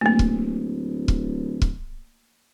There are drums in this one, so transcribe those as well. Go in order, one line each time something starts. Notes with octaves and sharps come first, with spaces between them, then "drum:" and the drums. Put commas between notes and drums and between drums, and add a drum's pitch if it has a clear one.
D1 A3 A#3
drum: kick
drum: kick
drum: kick